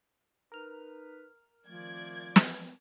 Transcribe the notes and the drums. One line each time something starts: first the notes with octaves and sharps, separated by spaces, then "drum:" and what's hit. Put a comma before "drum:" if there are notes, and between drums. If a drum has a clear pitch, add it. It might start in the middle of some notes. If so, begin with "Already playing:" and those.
D#4 A#4 B4 F6
D#3 F3 A3 C4 D5 G#6
drum: snare